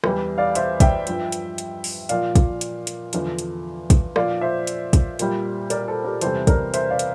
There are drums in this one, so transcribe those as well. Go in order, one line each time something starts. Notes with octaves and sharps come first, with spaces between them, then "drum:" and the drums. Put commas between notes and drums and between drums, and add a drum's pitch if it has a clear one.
E2 E3 G3, drum: rim click
D5 F5
C5 E5, drum: hi-hat
E5 G5, drum: kick, hi-hat
G2 F3, drum: hi-hat
drum: hi-hat
drum: hi-hat
drum: open hi-hat
A#2 F3 D5 F5, drum: hi-hat
drum: kick, hi-hat
drum: hi-hat
drum: hi-hat
E2 D3 F3, drum: hi-hat
drum: hi-hat
drum: kick, hi-hat
A#2 F3 D5 F5, drum: rim click
C5 E5
drum: hi-hat
drum: kick, hi-hat
A#2 G3, drum: hi-hat
A#4 D5, drum: hi-hat
A4 C5
G4 A#4
E2 C3 E3 G3 A4 C5, drum: hi-hat
A#4 D5, drum: kick, hi-hat
C5 E5, drum: hi-hat
D5 F5
drum: hi-hat